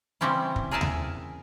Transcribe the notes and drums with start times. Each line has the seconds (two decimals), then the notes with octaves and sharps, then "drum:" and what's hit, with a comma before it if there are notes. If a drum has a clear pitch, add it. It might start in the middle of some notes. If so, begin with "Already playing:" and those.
0.21 C#3 E3 G3 C4 C#4 E4
0.56 drum: kick
0.71 G#4 A#4 E5 G#5 A5
0.81 drum: tom D#2